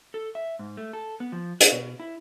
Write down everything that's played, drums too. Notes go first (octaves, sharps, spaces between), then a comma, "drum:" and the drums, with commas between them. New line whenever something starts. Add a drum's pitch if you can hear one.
A4
E5
G#2
A3
A4
B3
F3
D4, drum: hi-hat
B2
E4